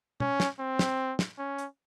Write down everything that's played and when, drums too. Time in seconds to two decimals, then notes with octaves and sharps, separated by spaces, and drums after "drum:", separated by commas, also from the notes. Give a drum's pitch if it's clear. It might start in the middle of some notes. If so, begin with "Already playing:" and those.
0.20 C#4, drum: tom
0.40 drum: snare
0.59 C4
0.79 drum: snare
1.19 drum: snare
1.38 C#4
1.58 drum: hi-hat